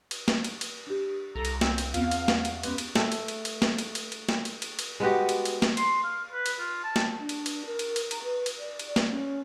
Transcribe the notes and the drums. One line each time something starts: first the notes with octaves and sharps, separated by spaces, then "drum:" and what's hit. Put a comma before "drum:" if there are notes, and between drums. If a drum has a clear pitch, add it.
drum: cymbal
drum: snare
drum: cymbal
drum: cymbal
D4 G4
C2 A4 A#5
drum: cymbal
C4, drum: snare
drum: cymbal
E2 B3 C4 F4 F5, drum: cymbal
drum: cymbal
drum: snare
drum: cymbal
F2 G#3 B3 C#4 G4 B4, drum: cymbal
drum: cymbal
A3, drum: snare
drum: cymbal
drum: cymbal
drum: cymbal
drum: snare
drum: cymbal
drum: cymbal
drum: cymbal
drum: snare
drum: cymbal
drum: cymbal
drum: cymbal
G#3 B3 F#4 G4
drum: cymbal
drum: cymbal
drum: snare
C6, drum: cymbal
F5
B4
drum: cymbal
F4
A5
drum: snare
D4
drum: cymbal
drum: cymbal
A#4
drum: cymbal
drum: cymbal
A#5, drum: cymbal
B4
drum: cymbal
D5
drum: cymbal
drum: snare
C#4